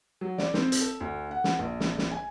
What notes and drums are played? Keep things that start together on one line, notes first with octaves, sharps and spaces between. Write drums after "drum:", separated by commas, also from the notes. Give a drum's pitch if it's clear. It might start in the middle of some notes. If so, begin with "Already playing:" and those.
F#3
D5, drum: snare
C4, drum: snare
drum: hi-hat
A4
D2
F#5
drum: snare
A#1
drum: snare
drum: snare
G#5